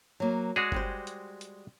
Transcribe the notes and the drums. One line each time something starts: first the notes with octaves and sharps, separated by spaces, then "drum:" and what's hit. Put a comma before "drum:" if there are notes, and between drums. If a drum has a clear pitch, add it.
F#3 A#3
G#3 F#4 G#4 D5
G3 G4 C5, drum: kick G1
drum: hi-hat
drum: hi-hat